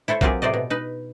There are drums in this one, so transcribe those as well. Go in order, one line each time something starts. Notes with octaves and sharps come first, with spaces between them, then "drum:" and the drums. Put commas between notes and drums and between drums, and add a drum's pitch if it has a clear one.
E4 A4 C5 C#5
F#3 A#3 C4 F4 G4 G#4, drum: kick B1
A2 C3 C5 D5 D#5
B2
D#4 B4